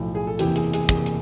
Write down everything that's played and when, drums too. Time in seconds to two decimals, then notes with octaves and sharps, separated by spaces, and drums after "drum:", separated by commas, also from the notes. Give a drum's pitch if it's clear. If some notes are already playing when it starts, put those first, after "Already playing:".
Already playing: B1 A2 F3
0.15 G#4
0.27 A4
0.39 F#1 E2 C3 E3 G4, drum: hi-hat
0.56 G#4, drum: hi-hat
0.73 G#4, drum: hi-hat
0.89 F#1 E2 C3 E3 G#4, drum: kick, hi-hat
1.06 drum: hi-hat